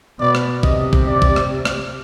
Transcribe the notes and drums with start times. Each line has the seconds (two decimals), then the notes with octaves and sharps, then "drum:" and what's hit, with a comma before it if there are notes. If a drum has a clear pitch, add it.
0.20 B2 D5
0.35 drum: rim click
0.63 C3 D#5, drum: kick A1
0.93 drum: kick A1
1.07 D5
1.22 drum: kick A1
1.36 drum: rim click
1.65 drum: rim click